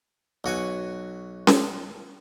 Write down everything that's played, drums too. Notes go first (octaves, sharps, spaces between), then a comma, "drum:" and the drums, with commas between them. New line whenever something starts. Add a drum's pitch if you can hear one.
B1 F#4 G#5 C#6
drum: snare C#4